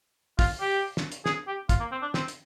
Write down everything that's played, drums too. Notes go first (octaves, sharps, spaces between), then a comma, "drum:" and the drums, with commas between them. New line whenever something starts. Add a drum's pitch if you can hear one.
F4, drum: kick, open hi-hat
G4
drum: snare
drum: hi-hat
G#4, drum: snare
G4
F4, drum: kick, hi-hat
A#3
C4
D4
C4, drum: snare
drum: hi-hat